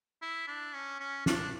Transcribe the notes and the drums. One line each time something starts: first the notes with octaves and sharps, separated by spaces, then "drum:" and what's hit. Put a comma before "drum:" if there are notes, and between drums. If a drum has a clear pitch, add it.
E4
D4
C#4
C#4
D4, drum: snare